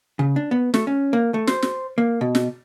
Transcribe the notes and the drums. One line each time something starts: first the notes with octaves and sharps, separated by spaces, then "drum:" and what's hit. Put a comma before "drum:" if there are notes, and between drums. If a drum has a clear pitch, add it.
C#3
D4
B3
A3, drum: snare
C#4
A#3
A3
C5, drum: snare
drum: snare
A#3
B2
drum: snare